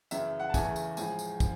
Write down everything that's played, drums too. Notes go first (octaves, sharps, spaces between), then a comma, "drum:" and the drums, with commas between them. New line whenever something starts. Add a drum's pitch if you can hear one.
F#2 C#3 E3 E5, drum: tambourine
F#5
A5
E2 C#3 E3 A3 G#5, drum: kick, tambourine
drum: tambourine
A2 F3 G#3 G#5, drum: tambourine
drum: tambourine
D3 F3, drum: kick, tambourine